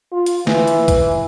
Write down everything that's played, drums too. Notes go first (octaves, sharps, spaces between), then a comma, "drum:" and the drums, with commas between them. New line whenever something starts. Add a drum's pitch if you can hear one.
F4
drum: hi-hat
E3, drum: snare
drum: hi-hat
drum: kick B1, hi-hat